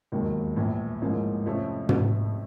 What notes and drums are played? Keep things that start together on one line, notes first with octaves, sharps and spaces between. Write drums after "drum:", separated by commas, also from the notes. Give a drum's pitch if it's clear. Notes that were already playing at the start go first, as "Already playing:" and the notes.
E1 D#2 D#3 F#3 A#3
A#1 A2 E3
A1 G#2 F3 A#3
F2 C3 F3 A3 C#4
drum: tom